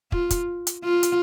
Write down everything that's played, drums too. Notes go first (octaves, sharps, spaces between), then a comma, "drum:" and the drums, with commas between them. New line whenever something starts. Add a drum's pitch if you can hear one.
F4, drum: kick
drum: kick, hi-hat
drum: hi-hat
F4
drum: hi-hat